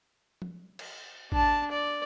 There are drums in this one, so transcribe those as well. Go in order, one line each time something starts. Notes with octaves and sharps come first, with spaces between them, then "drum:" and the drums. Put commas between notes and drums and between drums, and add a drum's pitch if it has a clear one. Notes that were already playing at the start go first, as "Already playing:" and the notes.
drum: tom F3
drum: cymbal
D4 A5, drum: kick A1
D5